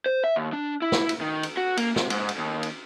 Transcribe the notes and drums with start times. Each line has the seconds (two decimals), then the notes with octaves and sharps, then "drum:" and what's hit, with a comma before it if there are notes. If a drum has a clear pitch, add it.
0.06 C5
0.24 E5
0.36 D#2
0.53 D4
0.82 E4
0.92 drum: snare
1.09 drum: cymbal
1.21 D#3
1.43 drum: cymbal
1.57 F#4
1.77 A#3, drum: cymbal
1.96 C3, drum: snare
2.10 G#2, drum: cymbal
2.29 drum: cymbal
2.38 D#2
2.63 drum: cymbal